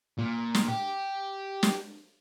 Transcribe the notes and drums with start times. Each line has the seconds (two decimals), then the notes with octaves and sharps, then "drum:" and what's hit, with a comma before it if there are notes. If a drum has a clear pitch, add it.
0.18 A#2
0.54 drum: snare
0.68 G4
1.63 drum: snare